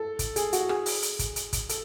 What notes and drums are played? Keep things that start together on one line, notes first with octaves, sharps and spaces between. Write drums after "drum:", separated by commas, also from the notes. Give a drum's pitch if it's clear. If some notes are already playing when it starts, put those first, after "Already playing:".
Already playing: A4
drum: kick, hi-hat
G#4, drum: hi-hat
F#4, drum: hi-hat
G#4, drum: rim click
drum: open hi-hat
drum: hi-hat
drum: kick, hi-hat
drum: hi-hat
drum: kick, hi-hat
A4, drum: hi-hat